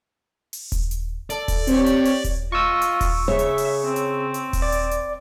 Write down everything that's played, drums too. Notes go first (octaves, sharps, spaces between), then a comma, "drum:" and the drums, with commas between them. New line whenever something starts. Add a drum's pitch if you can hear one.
drum: open hi-hat
drum: kick D#1, hi-hat
drum: hi-hat
A4 D5, drum: hi-hat
drum: kick D#1, open hi-hat
C4 G4 C#5, drum: hi-hat
drum: hi-hat
drum: open hi-hat
drum: kick D#1, hi-hat
F4 D#5 C#6 E6
drum: hi-hat
drum: kick D#1, open hi-hat
C#3 C#5 E5
drum: hi-hat
drum: open hi-hat
C4
drum: hi-hat
drum: hi-hat
drum: kick D#1, open hi-hat
D5
drum: hi-hat
drum: hi-hat